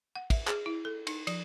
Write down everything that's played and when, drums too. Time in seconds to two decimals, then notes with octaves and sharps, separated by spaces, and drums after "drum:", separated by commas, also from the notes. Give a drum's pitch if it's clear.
0.15 F#5
0.30 E5, drum: kick, cymbal
0.47 G#4, drum: clap
0.66 E4
0.85 A4
1.07 D#4, drum: cymbal
1.27 F3, drum: cymbal